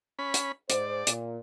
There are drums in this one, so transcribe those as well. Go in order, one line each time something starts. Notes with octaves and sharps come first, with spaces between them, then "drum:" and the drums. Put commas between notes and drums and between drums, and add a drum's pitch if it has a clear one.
C#4 B5
drum: hi-hat
G#2 C5 D5, drum: hi-hat
A#2, drum: hi-hat